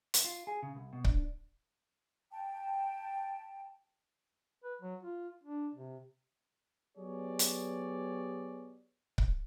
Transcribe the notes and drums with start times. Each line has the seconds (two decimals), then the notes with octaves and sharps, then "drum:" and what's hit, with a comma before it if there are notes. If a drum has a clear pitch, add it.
0.14 drum: hi-hat
0.24 F4
0.47 G#4
0.63 C#3
0.75 C2
0.93 B2
1.05 D4, drum: kick C#1
2.31 G5 A5
4.64 B4
4.82 F#3
5.03 F4
5.44 D4
5.75 C3
6.98 F#3 B3 G4 G#4 C#5 D5
7.39 drum: hi-hat
9.18 drum: kick C#1